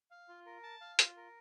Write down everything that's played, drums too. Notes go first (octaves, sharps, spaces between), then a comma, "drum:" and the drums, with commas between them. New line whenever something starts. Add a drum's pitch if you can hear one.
F5
F4
A#4
A5
F5
F4, drum: hi-hat
A#4